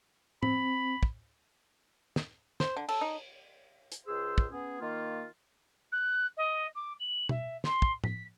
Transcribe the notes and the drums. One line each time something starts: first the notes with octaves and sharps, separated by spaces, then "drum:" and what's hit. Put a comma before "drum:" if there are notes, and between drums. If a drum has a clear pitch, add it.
C4 B5, drum: tom A2
drum: kick
drum: snare
C5, drum: snare
D3
A4, drum: cymbal
D#4
drum: hi-hat
C#2 G#4 C5 E6
drum: kick
B3 C#4 G#4
D#3 A#3 F4
F#6
D#5
D6
F#7
E5, drum: tom B2
C6, drum: snare
drum: kick
B6, drum: tom A2